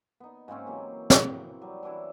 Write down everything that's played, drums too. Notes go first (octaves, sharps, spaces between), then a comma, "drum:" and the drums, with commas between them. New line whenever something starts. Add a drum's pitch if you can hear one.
B3 D#4
G#2 C#3 C4 C#4
C3 E3 F#3 A#3
F#5, drum: snare
F#3 G3
E3 F#3 D4 E4